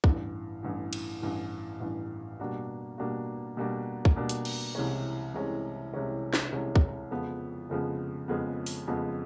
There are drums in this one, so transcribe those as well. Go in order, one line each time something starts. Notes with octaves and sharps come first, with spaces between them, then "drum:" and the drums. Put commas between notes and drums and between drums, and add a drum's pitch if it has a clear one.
A1 G2 E3, drum: kick
A1 G2 E3
drum: cymbal
A1 G2 E3
A1 G2 E3
B2 G3 A#3 D4 F#4
B2 G3 A#3 D4 F#4
B2 G3 A#3 D4 F#4
drum: kick
B2 G3 A#3 D4 F#4
drum: hi-hat
drum: cymbal
C2 C3 E3 G#3 C#4
C2 C3 E3 G#3 C#4
C2 C3 E3 G#3 C#4
drum: snare
C2 C3 E3 G#3 C#4
drum: kick
F2 C#3 F3 G#3 B3
F2 C#3 F3 G#3 B3
F2 C#3 F3 G#3 B3
drum: open hi-hat
F2 C#3 F3 G#3 B3